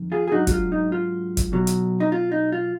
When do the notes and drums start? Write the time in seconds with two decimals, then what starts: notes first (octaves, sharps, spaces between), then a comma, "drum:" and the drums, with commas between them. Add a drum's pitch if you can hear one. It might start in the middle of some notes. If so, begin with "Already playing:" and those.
Already playing: F2 D#3
0.12 F4 G#4
0.27 G#4
0.31 G#2 F#3 D4 D#4 F#4
0.47 F#4, drum: kick, hi-hat
0.52 F4
0.72 D#4
0.92 F4
1.37 drum: kick, hi-hat
1.52 B1 B2 F#3
1.67 drum: hi-hat
2.00 D#4
2.12 F4
2.32 D#4
2.52 F4